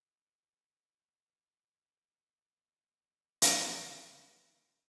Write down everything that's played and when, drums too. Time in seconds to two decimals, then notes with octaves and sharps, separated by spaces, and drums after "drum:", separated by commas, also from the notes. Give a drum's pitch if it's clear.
0.74 C5 B5
1.22 A#1 F3 F#3
2.19 G#2
2.56 F3 A#3 D5
3.42 drum: hi-hat
3.74 C#4 G#4 A4 C#5